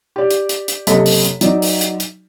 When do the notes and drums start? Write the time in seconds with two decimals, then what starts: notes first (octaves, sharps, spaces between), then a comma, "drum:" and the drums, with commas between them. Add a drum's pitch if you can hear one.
0.16 G4 D5
0.31 drum: hi-hat
0.49 drum: hi-hat
0.68 drum: hi-hat
0.87 F#1 C3 A4 D#5 B6, drum: hi-hat
1.06 drum: open hi-hat
1.25 drum: hi-hat
1.41 F#3 D#4 D5, drum: hi-hat
1.62 drum: open hi-hat
1.81 drum: hi-hat
2.00 drum: hi-hat